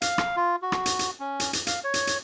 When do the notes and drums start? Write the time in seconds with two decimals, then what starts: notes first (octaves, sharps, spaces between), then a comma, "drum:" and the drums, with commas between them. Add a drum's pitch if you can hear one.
0.02 F5, drum: hi-hat
0.18 drum: rim click
0.36 F4
0.62 F#4
0.72 drum: rim click
0.86 drum: hi-hat
0.99 drum: hi-hat
1.20 C#4
1.40 drum: hi-hat
1.53 drum: hi-hat
1.67 F5, drum: hi-hat
1.84 C#5
1.94 drum: hi-hat
2.07 drum: hi-hat